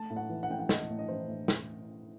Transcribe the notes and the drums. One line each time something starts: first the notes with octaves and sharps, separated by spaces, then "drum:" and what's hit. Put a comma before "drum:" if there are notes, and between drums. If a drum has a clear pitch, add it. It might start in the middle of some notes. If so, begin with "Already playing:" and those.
Already playing: A3 A5
A2
F#5
E3
F#5
A2 G5
F#5
A3 D#5, drum: snare
A2
D#5
E3 C5
A2
drum: snare